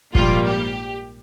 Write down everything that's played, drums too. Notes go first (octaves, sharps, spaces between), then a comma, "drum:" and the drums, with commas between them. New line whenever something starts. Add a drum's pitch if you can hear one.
A#1 G#2 G3 A#3 F4, drum: kick
G4